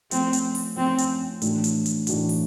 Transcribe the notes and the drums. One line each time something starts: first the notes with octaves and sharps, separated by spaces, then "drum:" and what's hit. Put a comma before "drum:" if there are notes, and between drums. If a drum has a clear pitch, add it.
F3 A3 C4 C#4, drum: hi-hat
drum: hi-hat
drum: open hi-hat
F3 A3 C4 C#4
drum: hi-hat
A2 E3 A3 D4 F#4, drum: hi-hat
drum: hi-hat
drum: hi-hat
A2 E3 A3 D4 F#4, drum: hi-hat
drum: open hi-hat